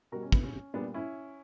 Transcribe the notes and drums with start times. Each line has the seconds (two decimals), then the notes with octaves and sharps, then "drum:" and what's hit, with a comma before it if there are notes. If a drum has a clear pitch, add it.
0.12 B2 G3 F#4 A#4
0.22 C#4
0.32 B3, drum: kick
0.43 C#4
0.74 A#2 G3 B3 D4
0.94 C#4 E4